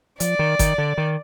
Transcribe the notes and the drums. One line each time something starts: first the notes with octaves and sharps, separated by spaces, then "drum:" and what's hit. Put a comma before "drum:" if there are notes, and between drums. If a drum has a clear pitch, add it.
F3 D5, drum: hi-hat
D#3
D#3, drum: kick G1, hi-hat
D3
D#3